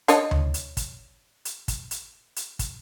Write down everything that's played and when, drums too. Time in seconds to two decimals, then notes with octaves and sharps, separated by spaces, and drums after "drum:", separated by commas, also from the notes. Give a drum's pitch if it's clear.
0.08 D4 C#5 D#5, drum: hi-hat
0.31 drum: tom D2
0.54 drum: hi-hat
0.77 drum: kick, hi-hat
1.45 drum: hi-hat
1.68 drum: kick, hi-hat
1.91 drum: hi-hat
2.36 drum: hi-hat
2.59 drum: kick, hi-hat